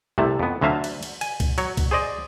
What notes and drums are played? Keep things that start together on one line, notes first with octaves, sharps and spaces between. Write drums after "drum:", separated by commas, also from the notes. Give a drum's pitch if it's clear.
C2 C3 A3 A5
F2 B3
D2 D3 F#3 E5 F5 A5
drum: cymbal
drum: cymbal
G#5, drum: cymbal
drum: kick, cymbal
F#3 C#5, drum: cymbal
drum: kick, cymbal
G#4 C5 D5 D#5